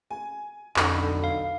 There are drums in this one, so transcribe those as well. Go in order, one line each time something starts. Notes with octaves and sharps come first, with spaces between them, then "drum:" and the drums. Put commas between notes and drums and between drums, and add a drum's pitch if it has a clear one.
G#5
B1 F2 D3 C#4 D#4 A4 B5, drum: clap
F5